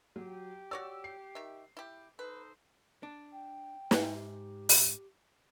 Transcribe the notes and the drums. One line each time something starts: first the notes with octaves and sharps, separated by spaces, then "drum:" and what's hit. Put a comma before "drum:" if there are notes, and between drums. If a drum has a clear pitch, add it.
F#3 G4
F#4 C#5 D5 E6
C7
D#3 E5
E4 G4
D#4 A4 B4 C5
D4
G5
G#2 G#5, drum: snare
G4
drum: open hi-hat